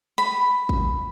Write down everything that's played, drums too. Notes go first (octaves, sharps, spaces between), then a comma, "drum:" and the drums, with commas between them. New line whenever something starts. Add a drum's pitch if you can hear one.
B5
drum: kick